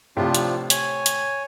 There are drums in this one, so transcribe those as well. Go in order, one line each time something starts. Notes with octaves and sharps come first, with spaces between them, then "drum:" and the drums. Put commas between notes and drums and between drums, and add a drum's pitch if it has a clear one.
A2 C3 F3 D4 F4
drum: hi-hat
C#5 G#5, drum: hi-hat
drum: hi-hat